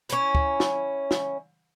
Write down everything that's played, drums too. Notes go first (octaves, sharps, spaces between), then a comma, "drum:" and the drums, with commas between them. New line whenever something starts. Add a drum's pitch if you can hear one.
C#4 E4, drum: hi-hat
drum: kick
drum: snare
drum: snare